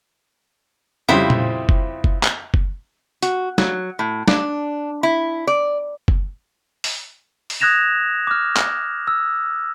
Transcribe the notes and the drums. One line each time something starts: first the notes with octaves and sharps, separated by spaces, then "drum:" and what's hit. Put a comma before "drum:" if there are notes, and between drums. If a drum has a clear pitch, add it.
F2 C#3 G3 E4 C5 B5
drum: tom A#2
drum: kick F#1
drum: kick F#1
drum: clap
drum: kick F#1
F#4, drum: hi-hat
F#3, drum: snare
A2
D4, drum: snare
E4
D5
drum: kick F#1
drum: open hi-hat
drum: open hi-hat
D#6 F#6 G#6 A#6 E7 F7
D6 F6
drum: clap
E6